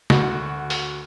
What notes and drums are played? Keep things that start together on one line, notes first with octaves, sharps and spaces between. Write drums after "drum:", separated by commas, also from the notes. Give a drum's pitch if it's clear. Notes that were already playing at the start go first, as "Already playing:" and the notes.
D2 F#4, drum: snare
drum: open hi-hat